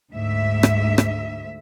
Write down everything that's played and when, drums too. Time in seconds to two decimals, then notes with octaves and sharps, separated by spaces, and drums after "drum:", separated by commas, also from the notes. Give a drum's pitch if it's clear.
0.11 D2 G#2 E5
0.63 drum: rim click
0.98 drum: rim click